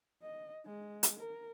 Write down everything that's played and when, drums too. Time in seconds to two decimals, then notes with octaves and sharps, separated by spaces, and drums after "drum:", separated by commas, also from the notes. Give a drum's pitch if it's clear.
0.22 D#5
0.65 G#3
1.03 drum: hi-hat
1.20 A#4